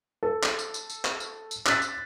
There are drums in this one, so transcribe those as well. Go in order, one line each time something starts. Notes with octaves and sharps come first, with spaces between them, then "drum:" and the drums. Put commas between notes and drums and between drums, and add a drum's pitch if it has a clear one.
A4
drum: clap
drum: tambourine
drum: tambourine
drum: tambourine
drum: clap
drum: tambourine
drum: tambourine
E6 F#6 A6 B6, drum: clap
drum: tambourine